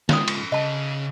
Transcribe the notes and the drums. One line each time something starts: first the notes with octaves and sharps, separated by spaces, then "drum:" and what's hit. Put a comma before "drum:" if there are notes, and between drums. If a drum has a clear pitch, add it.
G#2 C#4 F4 D#6, drum: snare
drum: cymbal
C#3 D#5 A5